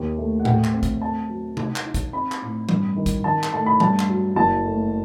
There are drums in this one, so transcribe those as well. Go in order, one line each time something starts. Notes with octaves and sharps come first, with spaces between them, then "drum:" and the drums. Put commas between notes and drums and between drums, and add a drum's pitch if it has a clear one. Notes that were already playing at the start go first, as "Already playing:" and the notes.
Already playing: D#2
A3
F#5
A3 G5, drum: tom A2
drum: clap
C4
drum: kick, hi-hat
A3 A5
F#3
D#4, drum: tom C3
drum: clap
D#4
drum: kick, hi-hat
C4 B5
drum: clap
A2
G2, drum: tom D#3
D#3
drum: kick, hi-hat
D#3 A5
drum: clap
A3 A5
B5
G2 A5, drum: tom D#3
drum: clap
F#3
F#1 A5
A3